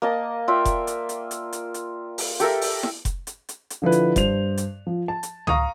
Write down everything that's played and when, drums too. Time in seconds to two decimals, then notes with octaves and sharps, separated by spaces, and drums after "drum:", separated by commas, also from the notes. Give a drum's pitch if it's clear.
0.02 A#3 D#5 A5
0.48 F4 D5 E5 G5
0.65 drum: kick F1, hi-hat
0.87 drum: hi-hat
1.09 drum: hi-hat
1.31 drum: hi-hat
1.53 drum: hi-hat
1.74 drum: hi-hat
2.18 drum: open hi-hat
2.40 G4 A4 A#4 E5, drum: hi-hat
2.61 drum: open hi-hat
2.83 drum: snare E4
3.05 drum: kick F1, hi-hat
3.27 drum: hi-hat
3.49 drum: hi-hat
3.70 drum: hi-hat
3.82 D3 F3 E4 B4
3.92 drum: hi-hat
4.16 G2 C5 F7, drum: kick F1, hi-hat
4.57 drum: hi-hat
4.87 F3
5.08 A5
5.23 drum: hi-hat
5.47 F5 A#5 C#6 D#6, drum: tom C#2